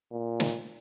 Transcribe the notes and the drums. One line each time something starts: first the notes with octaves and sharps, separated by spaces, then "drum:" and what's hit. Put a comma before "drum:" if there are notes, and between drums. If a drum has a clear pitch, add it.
A#2
drum: snare